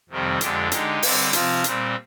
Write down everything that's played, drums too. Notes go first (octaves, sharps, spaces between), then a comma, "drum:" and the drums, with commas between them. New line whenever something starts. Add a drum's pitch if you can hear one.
F2 C3 D#3 G3 C4
F2 D3 G#3 D4 G4, drum: hi-hat
D3 G#3 D#4 G4, drum: hi-hat
D3 G3 C4, drum: open hi-hat
C3 F3 C4 F4, drum: hi-hat
A#2 G3 C4, drum: hi-hat